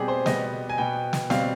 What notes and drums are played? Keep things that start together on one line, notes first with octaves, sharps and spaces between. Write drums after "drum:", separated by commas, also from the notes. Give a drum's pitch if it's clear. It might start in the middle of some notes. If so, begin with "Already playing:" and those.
Already playing: B2 G3 C4 G4 G#4
C5
B2 G3 B3 D#5, drum: snare
G#5
B2 B3 G5
drum: snare
B2 G3 C4 F5, drum: snare